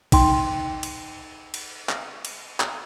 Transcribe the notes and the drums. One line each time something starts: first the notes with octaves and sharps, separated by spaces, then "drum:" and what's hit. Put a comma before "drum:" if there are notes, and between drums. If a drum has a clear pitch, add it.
D#4 G5 C6, drum: kick A1, cymbal
drum: cymbal
drum: cymbal
drum: clap
drum: cymbal
drum: clap